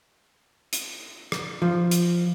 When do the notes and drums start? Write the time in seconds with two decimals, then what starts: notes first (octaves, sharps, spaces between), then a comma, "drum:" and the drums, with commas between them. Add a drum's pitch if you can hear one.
0.73 drum: hi-hat
1.32 drum: rim click
1.62 F3
1.91 drum: hi-hat